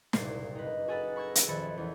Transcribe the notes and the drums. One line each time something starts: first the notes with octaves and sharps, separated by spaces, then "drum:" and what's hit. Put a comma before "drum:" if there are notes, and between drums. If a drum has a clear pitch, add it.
F#1 C2 G2 A#2 C7, drum: snare
D#4 B4
F#4 G#4 A4 F#5 A5 B5
B5 C#6 E6 G#6 A#6
drum: hi-hat
D#1 F2 A4 B5 G#6 C#7
E2